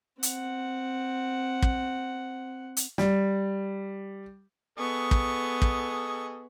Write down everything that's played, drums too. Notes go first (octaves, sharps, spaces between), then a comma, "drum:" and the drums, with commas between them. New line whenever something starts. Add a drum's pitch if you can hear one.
C4 F#5, drum: hi-hat
drum: kick
drum: hi-hat
G3, drum: snare
B3 G#4 A4 D#5 C#6
drum: kick
drum: kick